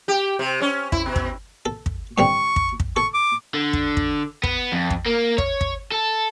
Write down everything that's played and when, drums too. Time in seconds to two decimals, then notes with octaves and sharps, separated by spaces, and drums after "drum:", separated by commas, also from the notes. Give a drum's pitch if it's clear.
0.08 G4
0.39 C3
0.61 C#4
0.92 E4, drum: kick
1.06 B2
1.16 drum: kick
1.66 A4
1.86 drum: kick
2.18 G2 D3 C4 C#6
2.56 drum: kick
2.80 drum: kick
2.96 A4 C#6
3.14 D6
3.54 D3
3.73 drum: kick
3.97 drum: kick
4.43 B3, drum: kick
4.72 F2
4.90 drum: kick
5.06 A#3
5.38 C#5, drum: kick
5.61 drum: kick
5.91 A4